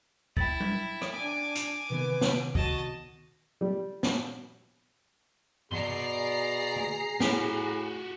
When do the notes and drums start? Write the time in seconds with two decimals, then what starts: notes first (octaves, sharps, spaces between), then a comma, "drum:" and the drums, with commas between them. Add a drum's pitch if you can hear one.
0.37 E4 G5 A6, drum: kick
0.60 drum: tom G3
1.02 drum: rim click
1.14 D4 G#5 D6
1.55 drum: hi-hat
1.90 C3 D#3 B3 B4
2.21 drum: snare
2.55 F#4 D#5 A5, drum: kick
3.61 G3
4.03 drum: snare
5.72 B2 G#4 D5 A#5 C6 C7, drum: tom G2
6.76 drum: tom
7.20 A2 F#4 G4, drum: snare